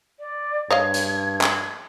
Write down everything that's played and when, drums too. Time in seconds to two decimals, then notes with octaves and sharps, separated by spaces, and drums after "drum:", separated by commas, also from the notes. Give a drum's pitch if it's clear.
0.19 D5
0.71 G2 C#5 D#5 F5 G#6
0.94 drum: hi-hat
1.41 drum: clap